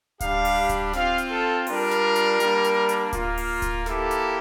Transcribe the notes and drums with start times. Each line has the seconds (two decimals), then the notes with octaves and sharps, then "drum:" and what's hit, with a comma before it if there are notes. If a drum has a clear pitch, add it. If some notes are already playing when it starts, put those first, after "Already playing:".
0.20 G3 D4 G4 F5, drum: kick D1, hi-hat
0.45 drum: open hi-hat
0.69 drum: kick D1, hi-hat
0.93 C4 F4 F5, drum: snare
1.18 drum: hi-hat
1.30 A4
1.67 G3 D4 F4 A#4, drum: open hi-hat
1.91 drum: snare
2.16 drum: hi-hat
2.40 G3 A#3 D4, drum: hi-hat
2.64 drum: hi-hat
2.89 drum: hi-hat
3.13 A#3 F4, drum: kick D1, hi-hat
3.38 drum: open hi-hat
3.62 drum: kick D1, hi-hat
3.86 A#3 E4 G4 A4, drum: snare
4.11 drum: hi-hat